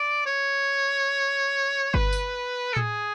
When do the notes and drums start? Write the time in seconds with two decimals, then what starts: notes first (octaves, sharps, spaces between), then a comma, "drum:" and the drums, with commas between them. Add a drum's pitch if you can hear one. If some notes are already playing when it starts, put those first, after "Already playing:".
Already playing: D5
0.26 C#5
1.94 B4, drum: kick G1
2.13 drum: tambourine
2.73 A4
2.76 G#4, drum: tom A2